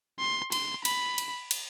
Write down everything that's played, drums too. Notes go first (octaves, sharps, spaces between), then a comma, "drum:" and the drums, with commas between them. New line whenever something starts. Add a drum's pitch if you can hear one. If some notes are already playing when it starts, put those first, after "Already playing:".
C6
C6, drum: cymbal
B5, drum: cymbal
drum: cymbal
drum: cymbal